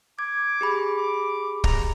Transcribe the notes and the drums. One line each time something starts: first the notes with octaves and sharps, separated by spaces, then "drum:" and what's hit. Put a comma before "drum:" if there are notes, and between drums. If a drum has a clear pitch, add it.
D6 G#6
G4 G#4 B5
D6
A#5, drum: kick